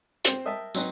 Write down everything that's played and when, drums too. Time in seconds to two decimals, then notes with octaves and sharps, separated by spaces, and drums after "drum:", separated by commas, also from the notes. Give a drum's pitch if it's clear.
0.25 C4 C5, drum: hi-hat
0.45 A#4 D#5 E5 G5 A5
0.75 F#3 C4 D#4 B4, drum: tambourine